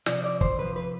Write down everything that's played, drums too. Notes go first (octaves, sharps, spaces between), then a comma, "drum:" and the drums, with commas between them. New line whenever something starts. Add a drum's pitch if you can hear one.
C3 F3 D5, drum: snare
D5
C5, drum: kick
C3 F3 B4
B4